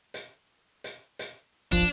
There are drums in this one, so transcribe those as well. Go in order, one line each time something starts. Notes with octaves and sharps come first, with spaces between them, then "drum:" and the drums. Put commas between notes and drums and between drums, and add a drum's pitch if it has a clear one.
drum: hi-hat
drum: hi-hat
drum: hi-hat
D1 G#1 F3 D4